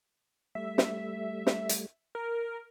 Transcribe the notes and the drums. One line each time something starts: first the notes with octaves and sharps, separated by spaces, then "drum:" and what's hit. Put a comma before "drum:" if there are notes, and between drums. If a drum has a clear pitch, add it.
G3 A3 E5
drum: snare
drum: snare
drum: hi-hat
A#4